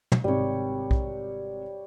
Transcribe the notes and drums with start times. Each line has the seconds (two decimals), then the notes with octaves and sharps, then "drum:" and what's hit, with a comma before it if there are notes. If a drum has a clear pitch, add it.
0.12 drum: tom
0.24 G#1 C3 G3 C#5
0.91 drum: kick B1